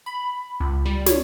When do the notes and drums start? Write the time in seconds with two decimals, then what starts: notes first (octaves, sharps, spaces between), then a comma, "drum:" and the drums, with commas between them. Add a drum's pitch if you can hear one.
0.06 B5
0.60 C#2
0.86 G3
1.06 C#5, drum: snare